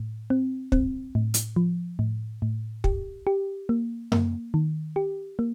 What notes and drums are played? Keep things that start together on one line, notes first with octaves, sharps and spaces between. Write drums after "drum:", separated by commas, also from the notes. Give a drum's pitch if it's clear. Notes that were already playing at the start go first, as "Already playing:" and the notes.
Already playing: A2
C4
C4, drum: kick
A2
drum: hi-hat
F3
A2
A2
G4, drum: kick
G4
A#3
A#3, drum: tom F#2
D#3
G4
A#3